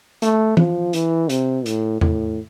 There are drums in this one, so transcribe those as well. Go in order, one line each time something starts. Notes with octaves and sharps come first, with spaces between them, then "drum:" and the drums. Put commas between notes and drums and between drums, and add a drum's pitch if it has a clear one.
A3, drum: hi-hat
F3, drum: tom E3
E3, drum: hi-hat
C3, drum: hi-hat
A2, drum: hi-hat
A2, drum: tom E2